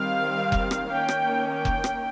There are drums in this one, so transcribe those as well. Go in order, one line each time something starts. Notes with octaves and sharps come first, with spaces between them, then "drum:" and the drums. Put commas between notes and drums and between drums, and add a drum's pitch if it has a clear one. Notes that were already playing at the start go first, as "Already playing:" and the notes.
Already playing: D#3 G3 C4 F5
drum: kick F1
drum: rim click
D#3 A#3 C#4 G5
drum: rim click
G5
drum: kick F1
drum: rim click